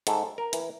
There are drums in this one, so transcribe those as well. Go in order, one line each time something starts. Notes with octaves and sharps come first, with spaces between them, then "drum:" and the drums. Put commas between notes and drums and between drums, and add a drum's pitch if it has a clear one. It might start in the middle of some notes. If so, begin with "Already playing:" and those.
G#2 A4, drum: hi-hat
A#4
E3, drum: hi-hat